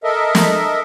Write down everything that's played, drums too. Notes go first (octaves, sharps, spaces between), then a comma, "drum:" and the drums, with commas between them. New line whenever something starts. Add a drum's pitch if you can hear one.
A4 A#4 D#5 E5
drum: snare